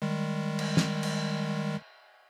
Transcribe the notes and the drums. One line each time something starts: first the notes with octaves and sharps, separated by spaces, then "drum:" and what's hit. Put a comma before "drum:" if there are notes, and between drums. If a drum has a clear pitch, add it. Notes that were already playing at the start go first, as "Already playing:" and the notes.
D#3 G3 G#3
drum: cymbal
drum: snare
drum: cymbal